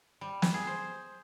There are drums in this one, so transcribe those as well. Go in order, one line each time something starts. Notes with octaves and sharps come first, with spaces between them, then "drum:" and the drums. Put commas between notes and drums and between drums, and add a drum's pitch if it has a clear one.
G3
drum: snare
G#4
C5